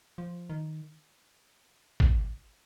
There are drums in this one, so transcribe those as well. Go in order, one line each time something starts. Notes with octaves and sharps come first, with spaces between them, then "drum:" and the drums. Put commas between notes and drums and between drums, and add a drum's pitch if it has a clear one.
F3
D#3
drum: kick